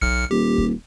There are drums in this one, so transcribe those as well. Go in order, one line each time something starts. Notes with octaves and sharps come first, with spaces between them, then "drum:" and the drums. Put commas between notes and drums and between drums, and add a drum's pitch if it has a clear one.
B1 F6 C#7, drum: kick
D#1 G4
drum: kick